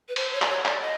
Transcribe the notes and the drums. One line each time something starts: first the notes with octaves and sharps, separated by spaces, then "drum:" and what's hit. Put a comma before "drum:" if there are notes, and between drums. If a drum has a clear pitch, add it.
B4
C5, drum: cymbal
C#5
D5, drum: clap
C#5
D5, drum: clap
D#5